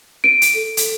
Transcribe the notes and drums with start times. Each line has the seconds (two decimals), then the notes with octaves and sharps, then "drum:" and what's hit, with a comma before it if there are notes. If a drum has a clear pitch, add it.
0.24 D7 D#7
0.42 drum: hi-hat
0.55 A4
0.77 drum: hi-hat